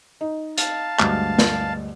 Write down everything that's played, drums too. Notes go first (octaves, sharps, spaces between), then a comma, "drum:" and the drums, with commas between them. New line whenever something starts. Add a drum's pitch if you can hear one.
D#4
F5 A5, drum: hi-hat
D2 G2 G#3, drum: clap
drum: snare